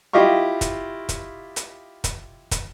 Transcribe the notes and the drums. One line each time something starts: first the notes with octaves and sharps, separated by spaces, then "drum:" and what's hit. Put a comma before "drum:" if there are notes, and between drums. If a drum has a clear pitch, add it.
E4 F4 G4 D#5 F5 C#6
drum: kick, hi-hat
drum: kick, hi-hat
drum: hi-hat
drum: kick, hi-hat
drum: kick, hi-hat